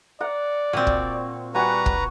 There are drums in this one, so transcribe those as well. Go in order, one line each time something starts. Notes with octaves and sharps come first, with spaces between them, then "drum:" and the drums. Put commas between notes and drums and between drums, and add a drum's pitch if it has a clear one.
D5 F#5 A#5
A#2 C4 F#4
drum: kick
G3 F#4 B4 F#5 G#5 A#5
drum: kick